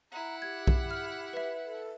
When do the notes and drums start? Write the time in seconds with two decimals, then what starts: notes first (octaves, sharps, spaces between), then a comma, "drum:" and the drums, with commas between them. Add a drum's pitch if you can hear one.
0.12 E4 F#5 A#5
0.42 G4 G#6
0.67 drum: kick B1
0.91 F6
1.33 B4 E5
1.65 A4